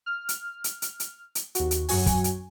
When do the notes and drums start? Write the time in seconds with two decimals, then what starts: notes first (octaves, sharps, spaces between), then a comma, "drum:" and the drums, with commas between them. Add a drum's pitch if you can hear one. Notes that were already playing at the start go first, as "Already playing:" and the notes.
0.06 F6
0.29 drum: hi-hat
0.64 drum: hi-hat
0.82 drum: hi-hat
1.00 drum: hi-hat
1.35 drum: hi-hat
1.55 D#2 F#4, drum: hi-hat
1.71 drum: hi-hat
1.89 F#2 F#3 F#4 G#5, drum: open hi-hat
2.06 drum: kick, hi-hat
2.24 drum: hi-hat